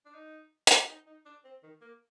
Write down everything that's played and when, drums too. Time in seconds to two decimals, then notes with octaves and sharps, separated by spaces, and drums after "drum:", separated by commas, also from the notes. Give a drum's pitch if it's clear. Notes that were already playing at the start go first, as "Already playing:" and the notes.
0.06 D4
0.14 D#4
0.67 drum: hi-hat
0.88 D#4
1.07 D#4
1.25 D4
1.44 C4
1.63 D#3
1.82 A#3